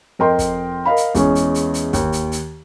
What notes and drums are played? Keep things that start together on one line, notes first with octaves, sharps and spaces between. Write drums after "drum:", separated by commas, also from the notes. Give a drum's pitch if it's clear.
F2 A#4 D#5 G5 C6
drum: kick, hi-hat
A#4 D#5 F5 B5
drum: hi-hat
E2 G#3 C#4, drum: kick, hi-hat
drum: hi-hat
drum: hi-hat
drum: hi-hat
D#2, drum: kick, hi-hat
drum: hi-hat
drum: hi-hat